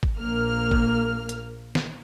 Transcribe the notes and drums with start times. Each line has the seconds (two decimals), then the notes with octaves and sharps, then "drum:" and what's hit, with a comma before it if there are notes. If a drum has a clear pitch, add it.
0.03 drum: kick G#1
0.19 A#1 A#3 F6
0.71 drum: kick G#1
1.29 drum: hi-hat
1.75 drum: snare